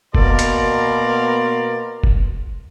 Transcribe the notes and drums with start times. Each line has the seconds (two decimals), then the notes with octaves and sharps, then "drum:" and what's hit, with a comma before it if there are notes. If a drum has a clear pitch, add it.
0.15 B2 A#3 B3 A#4 D5 C6, drum: kick F1
0.39 drum: hi-hat
2.04 drum: kick F1